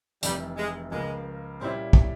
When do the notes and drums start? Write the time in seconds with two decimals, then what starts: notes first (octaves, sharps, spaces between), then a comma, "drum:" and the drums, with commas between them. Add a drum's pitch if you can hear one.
0.22 F1 F2 C3 E3 G3, drum: hi-hat
0.57 G#3
0.92 C#2 C#3 F3 G#3 A#3
1.61 A#2 G3 C4 C#4 E4
1.93 drum: kick